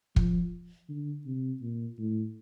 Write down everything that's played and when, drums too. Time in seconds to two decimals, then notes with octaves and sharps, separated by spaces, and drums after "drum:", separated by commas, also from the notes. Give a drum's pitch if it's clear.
0.16 F3, drum: kick
0.89 D3
1.26 C3
1.61 A#2
1.98 A2